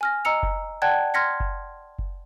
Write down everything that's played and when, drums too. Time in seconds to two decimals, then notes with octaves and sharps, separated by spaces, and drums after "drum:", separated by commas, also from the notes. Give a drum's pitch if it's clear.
0.01 G#5 F6 A#6
0.25 D#5 A#5 E6 C#7 F7
0.43 drum: kick F#1
0.82 D5 F#5 G5 A5 F#6 G#6
1.14 C6 F6 G#6 A#6 B6 C#7
1.40 drum: kick F#1
1.99 drum: kick F#1